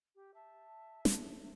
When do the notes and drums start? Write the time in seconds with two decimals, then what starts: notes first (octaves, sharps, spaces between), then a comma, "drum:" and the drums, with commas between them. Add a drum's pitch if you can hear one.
0.15 G4
0.34 E5 A5
1.05 drum: snare